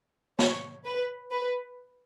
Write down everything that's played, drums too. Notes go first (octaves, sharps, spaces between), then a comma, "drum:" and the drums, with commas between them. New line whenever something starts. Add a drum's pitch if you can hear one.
C#5, drum: snare
B4
B4